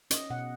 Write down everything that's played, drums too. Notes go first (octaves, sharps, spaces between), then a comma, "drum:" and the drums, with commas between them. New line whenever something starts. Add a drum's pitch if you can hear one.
C#4 D#5, drum: hi-hat
B2 F#5